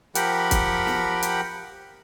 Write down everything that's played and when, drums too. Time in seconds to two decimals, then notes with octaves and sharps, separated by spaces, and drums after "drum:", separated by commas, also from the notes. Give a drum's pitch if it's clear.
0.15 F3 G4 A#4 F#5 G5 B5, drum: hi-hat
0.51 drum: kick, hi-hat
0.87 drum: snare
1.23 drum: hi-hat